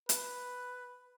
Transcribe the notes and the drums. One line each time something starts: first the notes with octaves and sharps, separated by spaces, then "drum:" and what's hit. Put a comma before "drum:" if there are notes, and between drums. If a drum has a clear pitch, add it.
B4, drum: hi-hat